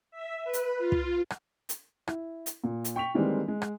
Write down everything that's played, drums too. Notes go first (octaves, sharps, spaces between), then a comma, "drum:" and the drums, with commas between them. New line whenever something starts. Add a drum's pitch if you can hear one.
E5
B4
drum: hi-hat
F4
drum: kick
drum: rim click
drum: hi-hat
E4, drum: rim click
drum: hi-hat
A#2
drum: hi-hat
G5 C#6 B6 F7
D#3 E3 G3 G#3 A#3 C4
G#3
drum: rim click